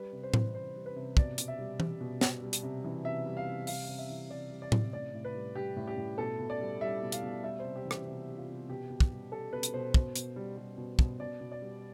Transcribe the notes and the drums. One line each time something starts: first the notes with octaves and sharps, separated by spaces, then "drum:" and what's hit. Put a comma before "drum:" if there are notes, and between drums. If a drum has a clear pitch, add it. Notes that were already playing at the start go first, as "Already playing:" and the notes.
Already playing: G3 B4
C3
C5
E3, drum: tom A2
C3 C5
G3
B4
C3
B2 D5, drum: kick
B2, drum: hi-hat
E5
G3
G3, drum: tom E3
B2
B2, drum: snare
G3
drum: hi-hat
C3
E3
C3 E5
G3
F5
C3
G3 F5, drum: open hi-hat
C3
E5
E3
C3 D5
G3
D5
C3, drum: tom A2
A2 D5
A2
B4
G3
G3 G4
A2
G4
A2
B2 A4
B2
D5
G3
G3 E5
B2
F5, drum: hi-hat
B2
G3 E5
C5
C3
G4
E3
G4, drum: rim click
C3
G3
F4
C3
B2 G4
B2
drum: kick
G3
G3 A4
B2 B4
drum: hi-hat
B2 C5
B2, drum: kick
B2, drum: hi-hat
G3
G3
B2
B2, drum: kick
B2 D5
B2
D5
G3